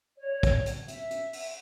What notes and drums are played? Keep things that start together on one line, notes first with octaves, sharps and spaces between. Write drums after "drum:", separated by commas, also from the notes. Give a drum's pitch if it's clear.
C#5 D5
drum: kick, hi-hat
drum: hi-hat
E5, drum: hi-hat
drum: hi-hat
drum: open hi-hat